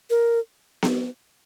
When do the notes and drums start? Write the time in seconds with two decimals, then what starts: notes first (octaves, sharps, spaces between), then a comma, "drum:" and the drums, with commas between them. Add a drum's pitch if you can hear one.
0.10 A#4
0.83 drum: snare B3